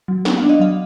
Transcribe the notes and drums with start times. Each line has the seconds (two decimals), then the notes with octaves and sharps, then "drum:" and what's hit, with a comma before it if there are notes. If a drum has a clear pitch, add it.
0.08 F#3
0.25 B3 F#5, drum: snare
0.37 F5
0.43 D4
0.49 D#5
0.60 F#3 F5